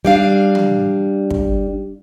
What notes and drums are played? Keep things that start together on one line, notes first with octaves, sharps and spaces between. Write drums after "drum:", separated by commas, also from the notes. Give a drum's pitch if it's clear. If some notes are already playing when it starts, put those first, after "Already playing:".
G3 D4 F5
drum: tom
drum: kick